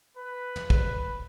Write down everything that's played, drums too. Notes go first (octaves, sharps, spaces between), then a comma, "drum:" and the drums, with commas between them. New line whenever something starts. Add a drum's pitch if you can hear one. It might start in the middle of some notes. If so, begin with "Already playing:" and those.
B4
drum: tom
drum: kick